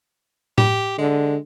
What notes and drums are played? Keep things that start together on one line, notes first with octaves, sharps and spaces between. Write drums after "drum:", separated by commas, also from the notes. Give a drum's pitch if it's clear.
G4, drum: tom A2
D3 G#3